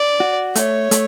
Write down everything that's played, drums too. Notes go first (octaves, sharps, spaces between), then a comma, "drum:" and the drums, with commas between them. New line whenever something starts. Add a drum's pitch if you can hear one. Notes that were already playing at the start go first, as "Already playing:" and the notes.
Already playing: D5
F#4
A3 C#5, drum: hi-hat
A3, drum: hi-hat